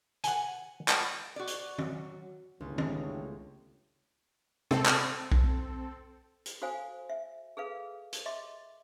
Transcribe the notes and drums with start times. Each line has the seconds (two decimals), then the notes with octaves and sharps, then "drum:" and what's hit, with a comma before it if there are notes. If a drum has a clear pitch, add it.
0.24 F#5 G#5, drum: hi-hat
0.88 drum: clap
1.36 F#4 D5
1.47 drum: hi-hat
1.78 F#3, drum: tom
2.60 G1 C#2 A2
2.78 drum: tom
4.71 C4 A4, drum: tom
4.86 drum: clap
5.32 drum: kick B1
6.46 drum: hi-hat
6.62 F#4 A4 C5 F5 G#5
7.09 E5
7.57 G#4 A4 B4 F5
8.13 drum: hi-hat
8.26 D#5 E5 C6 D6